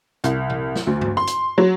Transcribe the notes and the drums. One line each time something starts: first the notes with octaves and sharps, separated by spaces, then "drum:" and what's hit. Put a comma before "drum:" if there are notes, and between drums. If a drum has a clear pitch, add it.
C2, drum: hi-hat
drum: tom A#2
drum: snare
D2
drum: tom G2
C6
drum: hi-hat
F#3